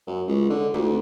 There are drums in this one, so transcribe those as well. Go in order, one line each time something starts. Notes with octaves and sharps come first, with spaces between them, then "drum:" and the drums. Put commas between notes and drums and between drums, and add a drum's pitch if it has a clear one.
F#2
C#2
D3
D2, drum: tom